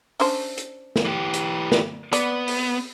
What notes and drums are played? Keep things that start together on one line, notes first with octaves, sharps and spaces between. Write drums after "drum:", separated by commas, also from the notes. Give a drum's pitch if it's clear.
C#4 D4 C5, drum: open hi-hat
drum: hi-hat
drum: snare
E3 G4
drum: hi-hat
drum: snare
B3 D5, drum: hi-hat
drum: open hi-hat